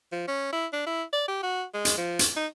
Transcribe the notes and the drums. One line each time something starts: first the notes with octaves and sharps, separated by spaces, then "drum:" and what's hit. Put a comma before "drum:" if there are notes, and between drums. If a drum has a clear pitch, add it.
F3
C#4
E4
D4
E4
D5
G4
F#4
G#3
drum: hi-hat
F3
drum: hi-hat
D#4